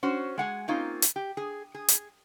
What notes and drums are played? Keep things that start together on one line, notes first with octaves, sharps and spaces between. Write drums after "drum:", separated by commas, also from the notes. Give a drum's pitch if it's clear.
C#4 F#4 C5
G#3 F#5 G#5
A#3 C4 C#4 D#4 F4
drum: hi-hat
G4
G#4
G#4
drum: hi-hat